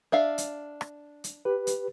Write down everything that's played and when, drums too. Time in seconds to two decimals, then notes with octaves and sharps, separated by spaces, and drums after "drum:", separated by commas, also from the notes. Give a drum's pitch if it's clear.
0.12 D4 E5 F5
0.38 drum: hi-hat
0.81 drum: rim click
1.24 drum: hi-hat
1.45 G4 B4
1.67 drum: hi-hat